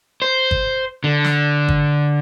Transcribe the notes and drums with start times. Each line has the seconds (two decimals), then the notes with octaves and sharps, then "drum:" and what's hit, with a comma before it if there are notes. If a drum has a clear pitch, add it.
0.22 C5
0.51 drum: kick G1
1.04 D3
1.24 drum: snare
1.68 drum: kick G1